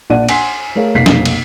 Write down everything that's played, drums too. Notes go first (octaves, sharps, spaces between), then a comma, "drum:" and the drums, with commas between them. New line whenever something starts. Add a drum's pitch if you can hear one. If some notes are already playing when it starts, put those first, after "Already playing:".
A#1 A#2 D4 D5 F#5 D#7
F#5 G#5 C6 B6 C7, drum: cymbal
A3 G#4 A#4 C#5 F5
F1 B1 A#3 B6 C7
drum: snare
drum: cymbal